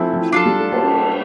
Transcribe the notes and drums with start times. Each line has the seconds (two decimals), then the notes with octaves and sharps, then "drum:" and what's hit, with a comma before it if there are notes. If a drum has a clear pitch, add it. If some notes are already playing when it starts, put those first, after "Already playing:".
Already playing: E3 F3 A3 C4 E4
0.13 F3
0.32 F#3 D4 F4 A4
0.46 G3
0.59 A3
0.72 A#3, drum: cymbal